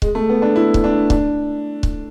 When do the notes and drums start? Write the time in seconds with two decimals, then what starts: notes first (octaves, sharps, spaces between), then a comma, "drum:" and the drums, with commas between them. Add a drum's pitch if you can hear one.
0.02 G#3, drum: kick C#1
0.15 A3
0.29 B3
0.42 D4
0.56 E4
0.74 drum: kick C#1
0.84 D4
1.10 D4, drum: kick C#1
1.83 drum: kick C#1